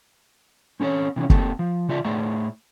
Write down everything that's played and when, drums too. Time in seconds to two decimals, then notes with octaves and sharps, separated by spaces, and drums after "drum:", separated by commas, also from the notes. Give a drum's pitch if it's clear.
0.80 C4 C#4 A4 B4 C#5
1.16 C3 E3 A3 C#4
1.30 A#3 C4 G4 A4, drum: kick
1.59 F3
1.89 C#3 F4 D5 E5
2.05 A2 A3 G#4 D5 E5 A#5